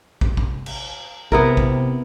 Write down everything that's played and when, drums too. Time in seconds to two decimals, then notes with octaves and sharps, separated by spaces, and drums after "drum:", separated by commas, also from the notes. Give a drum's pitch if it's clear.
0.21 drum: kick
0.37 drum: kick
0.66 drum: cymbal
1.32 C3 B3 E4 A#4, drum: kick
1.57 drum: kick